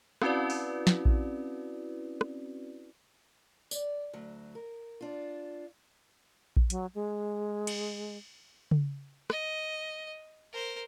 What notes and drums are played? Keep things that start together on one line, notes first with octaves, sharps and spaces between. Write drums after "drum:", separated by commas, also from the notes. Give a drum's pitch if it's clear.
C4 C#4 E4 F#4 B4 D5, drum: rim click
drum: open hi-hat
drum: snare
drum: kick A#1
drum: rim click
D5, drum: tambourine
D2 F#3
A#4
D4 F4
drum: kick A#1
F#3, drum: hi-hat
G#3
drum: cymbal
drum: tom C#3
D#5, drum: rim click
A#4 C5